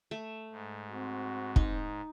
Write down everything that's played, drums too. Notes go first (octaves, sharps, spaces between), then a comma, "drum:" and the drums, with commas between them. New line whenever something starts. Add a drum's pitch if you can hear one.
A3
G#2
C4 F#4
D#4, drum: kick